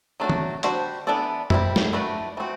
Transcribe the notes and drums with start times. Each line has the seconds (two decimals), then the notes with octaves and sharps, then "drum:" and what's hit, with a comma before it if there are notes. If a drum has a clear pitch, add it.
0.20 F#3 A3 D4 F#4
0.30 drum: tom
0.63 G3 D4 F#4 C5, drum: hi-hat
1.07 E3 B3 D4 A4 D5
1.50 G3 C4 E4, drum: tom
1.76 drum: snare
1.93 A3 D4 F#4 B4 D5
2.37 E3 A3 C4 F#4